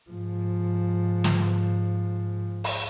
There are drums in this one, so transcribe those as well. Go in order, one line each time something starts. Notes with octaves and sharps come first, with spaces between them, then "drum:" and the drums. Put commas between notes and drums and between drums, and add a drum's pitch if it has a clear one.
G#2 F3
drum: snare
drum: open hi-hat